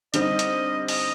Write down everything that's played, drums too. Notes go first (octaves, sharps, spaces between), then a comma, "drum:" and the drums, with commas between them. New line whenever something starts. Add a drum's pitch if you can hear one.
D3 G3 C4 D#4 D#5, drum: hi-hat
drum: hi-hat
D#5, drum: open hi-hat